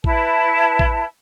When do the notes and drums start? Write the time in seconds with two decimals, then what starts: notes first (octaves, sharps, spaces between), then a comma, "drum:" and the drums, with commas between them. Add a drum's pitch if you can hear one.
0.04 E4 B4 A5, drum: kick A1
0.79 drum: kick A1